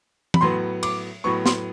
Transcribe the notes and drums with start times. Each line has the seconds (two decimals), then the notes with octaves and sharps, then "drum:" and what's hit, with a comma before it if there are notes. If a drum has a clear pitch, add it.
0.34 B5, drum: tom E3
0.41 A2 F#3 B3 C6
0.83 D6, drum: cymbal
1.24 A2 F#3 B3 C#6
1.46 C6, drum: snare